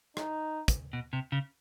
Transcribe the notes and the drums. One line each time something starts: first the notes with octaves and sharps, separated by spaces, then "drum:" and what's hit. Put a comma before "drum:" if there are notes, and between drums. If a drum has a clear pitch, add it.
D#4, drum: rim click
drum: kick, hi-hat
B2
C3
C#3